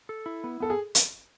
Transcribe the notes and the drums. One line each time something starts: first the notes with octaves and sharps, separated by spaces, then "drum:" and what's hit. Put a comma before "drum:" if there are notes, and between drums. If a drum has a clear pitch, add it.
A4
E4
B3
B3 A4
G#4
drum: hi-hat